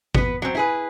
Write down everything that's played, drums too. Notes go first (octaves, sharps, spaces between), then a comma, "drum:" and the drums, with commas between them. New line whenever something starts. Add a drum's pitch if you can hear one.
B3 B4, drum: kick G#1
F#3 C4
E4 G#4 B4